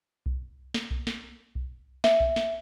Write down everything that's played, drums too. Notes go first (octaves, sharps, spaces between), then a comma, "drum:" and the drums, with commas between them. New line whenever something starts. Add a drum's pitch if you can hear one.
drum: kick B1
drum: snare
drum: kick B1
drum: snare
drum: kick B1
E5, drum: snare
drum: kick B1
drum: snare